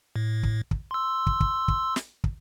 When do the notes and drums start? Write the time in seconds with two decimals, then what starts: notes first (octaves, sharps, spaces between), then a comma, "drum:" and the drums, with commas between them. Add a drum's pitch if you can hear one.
0.16 A2
0.43 drum: kick
0.71 drum: kick
0.91 C6 E6
1.27 drum: kick
1.40 drum: kick
1.68 drum: kick
1.96 drum: snare
2.24 drum: kick